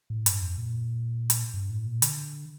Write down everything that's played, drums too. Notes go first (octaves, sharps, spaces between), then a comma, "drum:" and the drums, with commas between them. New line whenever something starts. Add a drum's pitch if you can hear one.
A2
G2, drum: hi-hat
F2
A#2
drum: hi-hat
G2
A2
A#2
D3, drum: hi-hat